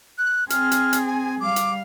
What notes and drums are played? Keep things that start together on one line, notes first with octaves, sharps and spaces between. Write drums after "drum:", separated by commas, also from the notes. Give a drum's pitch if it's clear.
F#6
C4 G#4 F6, drum: hi-hat
drum: hi-hat
drum: hi-hat
G#5
G3 F5 D6
drum: hi-hat